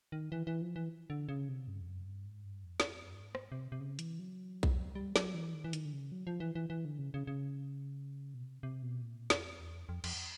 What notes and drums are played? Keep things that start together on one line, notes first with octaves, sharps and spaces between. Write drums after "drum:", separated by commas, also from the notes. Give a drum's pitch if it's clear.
D#3
E3
E3
F3
E3
D3
C#3
C3
G2
F2
F#2
G2
G#2
G2
F2
drum: snare
F#2
G2
G#2
drum: rim click
C3
C3
C#3
E3, drum: hi-hat
F#3
drum: kick B1
G3
F#3, drum: snare
E3
D#3
E3
D#3, drum: hi-hat
D3
C#3
F#3
F3
E3
E3
E3
D3
C#3
C#3
C#3
B2
C3
C3
B2
A#2
F2, drum: snare
E2
F2
F2
F2, drum: cymbal